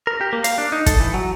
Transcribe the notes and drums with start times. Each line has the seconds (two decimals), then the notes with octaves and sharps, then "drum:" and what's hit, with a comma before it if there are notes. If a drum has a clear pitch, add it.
0.07 A#4
0.21 G4
0.33 A#3
0.44 F5, drum: hi-hat
0.58 D4
0.72 D#4
0.86 A4, drum: kick, hi-hat
1.00 E3
1.14 F#3